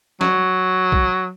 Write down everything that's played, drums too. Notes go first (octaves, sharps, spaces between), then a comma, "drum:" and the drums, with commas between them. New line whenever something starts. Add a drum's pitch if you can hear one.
F#3, drum: snare
drum: kick